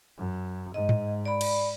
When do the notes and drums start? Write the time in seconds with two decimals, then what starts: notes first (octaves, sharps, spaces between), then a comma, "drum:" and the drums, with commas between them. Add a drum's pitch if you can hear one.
0.17 F#2
0.74 G#2 D#5
0.89 drum: tom G#2
1.25 D5 B5
1.41 drum: cymbal